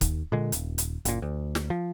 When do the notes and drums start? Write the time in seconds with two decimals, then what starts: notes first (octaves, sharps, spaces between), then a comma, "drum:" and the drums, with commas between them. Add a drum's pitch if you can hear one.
0.01 D#2, drum: kick, hi-hat
0.32 A#2 D3 G#3
0.52 D#1, drum: hi-hat
0.78 drum: hi-hat
1.05 F#1 A#2, drum: hi-hat
1.22 D2
1.55 drum: snare
1.70 F3